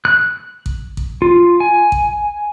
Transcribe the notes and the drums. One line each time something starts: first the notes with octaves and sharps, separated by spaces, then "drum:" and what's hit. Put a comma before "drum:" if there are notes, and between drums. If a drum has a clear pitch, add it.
F#6
drum: kick A1
drum: kick A1
F4
G#5
drum: kick A1